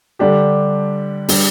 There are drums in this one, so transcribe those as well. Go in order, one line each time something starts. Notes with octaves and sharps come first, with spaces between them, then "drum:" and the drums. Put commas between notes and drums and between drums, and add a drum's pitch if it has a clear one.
D3 G3 D4 G4
G3 D4 G4, drum: open hi-hat